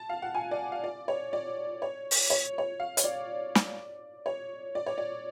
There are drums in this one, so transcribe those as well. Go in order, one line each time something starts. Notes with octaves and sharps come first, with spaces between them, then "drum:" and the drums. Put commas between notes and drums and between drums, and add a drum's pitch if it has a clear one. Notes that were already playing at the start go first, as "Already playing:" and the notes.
Already playing: A5
F5
F#5
G#5
D5
F5
D5
C#5
D5
C#5
drum: open hi-hat
C#5
C#5
F5
C#5, drum: hi-hat
D5
drum: snare
C#5
D5
C#5
D5